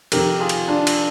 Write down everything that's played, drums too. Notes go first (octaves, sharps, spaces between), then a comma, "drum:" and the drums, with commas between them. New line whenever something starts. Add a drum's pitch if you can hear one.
F2 C3 D#3 G4 A#4, drum: cymbal
F4 G#4
drum: cymbal
D4 F4
drum: cymbal